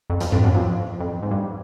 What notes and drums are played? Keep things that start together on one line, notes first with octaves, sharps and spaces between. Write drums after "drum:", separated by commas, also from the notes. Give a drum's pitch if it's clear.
F2
F2, drum: hi-hat
F2, drum: tom G#2
F#2
F2
F2
G#2
G2